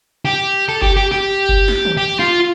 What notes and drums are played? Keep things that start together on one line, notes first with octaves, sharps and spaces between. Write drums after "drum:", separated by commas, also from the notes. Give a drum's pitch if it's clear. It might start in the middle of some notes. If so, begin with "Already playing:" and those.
G4
A4
G4, drum: kick F#1
G4
G4
drum: kick F#1
drum: snare
drum: tom
G4
F4